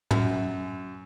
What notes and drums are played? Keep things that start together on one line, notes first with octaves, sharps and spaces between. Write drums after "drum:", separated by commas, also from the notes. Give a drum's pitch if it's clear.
F#2, drum: tom